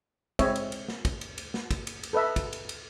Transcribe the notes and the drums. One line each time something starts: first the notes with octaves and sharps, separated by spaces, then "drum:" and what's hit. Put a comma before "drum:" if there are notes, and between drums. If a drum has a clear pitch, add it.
G#3 C4 E4 C#5 D#5 E5, drum: kick, cymbal
drum: cymbal
drum: cymbal
drum: snare
drum: kick, cymbal
drum: cymbal
drum: cymbal
drum: snare
drum: kick, cymbal
drum: cymbal
drum: cymbal
A4 B4 D#5 E5
drum: kick, cymbal
drum: cymbal
drum: cymbal